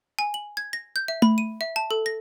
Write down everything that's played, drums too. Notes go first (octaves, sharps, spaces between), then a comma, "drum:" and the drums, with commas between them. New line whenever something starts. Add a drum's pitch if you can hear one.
G#5
F#7
G#6
A#6
G6
E5
B5, drum: tom A3
D#7
E5
A5
A4
A#6